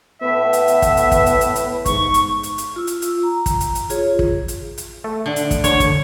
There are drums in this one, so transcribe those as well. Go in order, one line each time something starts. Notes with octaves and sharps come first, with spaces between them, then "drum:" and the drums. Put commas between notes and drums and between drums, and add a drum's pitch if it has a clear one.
A2 B3 B4 E5
drum: hi-hat
drum: hi-hat
drum: kick, hi-hat
drum: hi-hat
drum: kick, hi-hat
drum: hi-hat
drum: hi-hat
drum: hi-hat
G#2 C#6, drum: kick, hi-hat
drum: hi-hat
drum: hi-hat
drum: hi-hat
F4 E6
drum: hi-hat
drum: hi-hat
A#5
drum: kick, hi-hat
drum: hi-hat
drum: hi-hat
F4 G#4 C#5, drum: hi-hat
drum: kick
drum: hi-hat
drum: hi-hat
A3
D3
drum: hi-hat
drum: kick, hi-hat
D3 C#5, drum: hi-hat
drum: kick, hi-hat